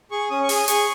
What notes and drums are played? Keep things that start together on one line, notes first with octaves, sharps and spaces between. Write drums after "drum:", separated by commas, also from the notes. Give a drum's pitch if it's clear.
G#4 C#6
C#4 D#6
C#6
G#4, drum: open hi-hat
D#6
G#4 C#6, drum: hi-hat